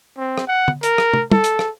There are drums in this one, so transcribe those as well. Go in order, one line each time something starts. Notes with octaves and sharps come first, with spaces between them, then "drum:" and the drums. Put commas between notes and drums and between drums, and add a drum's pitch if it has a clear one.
C4
drum: rim click
F#5
drum: tom
A#4, drum: hi-hat
drum: rim click
drum: tom
A4, drum: tom
drum: hi-hat
drum: rim click